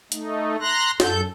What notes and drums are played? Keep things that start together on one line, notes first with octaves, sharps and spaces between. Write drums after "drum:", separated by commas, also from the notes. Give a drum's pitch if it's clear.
A3 D#4, drum: hi-hat
A#5 C6 F#6 A#6
F#2 A4 G6, drum: snare